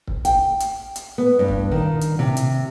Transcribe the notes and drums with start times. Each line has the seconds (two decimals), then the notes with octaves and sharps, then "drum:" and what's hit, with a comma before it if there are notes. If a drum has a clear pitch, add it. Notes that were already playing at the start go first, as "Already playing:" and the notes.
0.07 drum: kick C#1
0.25 G5, drum: hi-hat
0.60 drum: hi-hat
0.96 drum: hi-hat
1.18 B3
1.39 G2
1.48 drum: kick C#1
1.71 D#3
2.01 drum: hi-hat
2.19 C3
2.37 drum: hi-hat